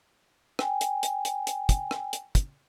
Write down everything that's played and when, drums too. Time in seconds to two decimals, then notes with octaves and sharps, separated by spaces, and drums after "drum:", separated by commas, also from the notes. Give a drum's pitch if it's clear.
0.59 G5 G#5, drum: rim click
0.81 drum: hi-hat
1.03 drum: hi-hat
1.25 drum: hi-hat
1.47 drum: hi-hat
1.69 drum: kick, hi-hat
1.91 drum: rim click
2.13 drum: hi-hat
2.35 drum: kick, hi-hat